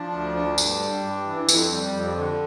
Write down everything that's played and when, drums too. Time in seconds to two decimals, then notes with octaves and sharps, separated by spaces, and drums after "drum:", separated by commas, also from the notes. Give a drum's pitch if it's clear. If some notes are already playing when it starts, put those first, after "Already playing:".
Already playing: F3 D4
0.12 D2
0.35 D3
0.58 G2, drum: tambourine
0.80 G3
1.03 G2
1.26 E3
1.49 F2, drum: tambourine
1.72 G3
1.94 F2
2.17 D3